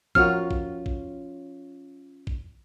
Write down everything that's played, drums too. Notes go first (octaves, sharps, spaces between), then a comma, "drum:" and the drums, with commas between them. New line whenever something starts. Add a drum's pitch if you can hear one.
F3 C#4 F4 F#4 A#4 C#5 F6, drum: kick A1
drum: kick A1
drum: kick A1
drum: kick A1